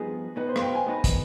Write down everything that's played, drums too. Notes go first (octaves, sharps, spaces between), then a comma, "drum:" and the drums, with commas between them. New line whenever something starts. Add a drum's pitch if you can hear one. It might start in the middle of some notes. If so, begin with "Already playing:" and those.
Already playing: G2 F3 B3 D#4 G#4
B2 B3 D#4 B4
C5
F5, drum: rim click
G5
G#5
B2 B3 D#4 B4
drum: kick, hi-hat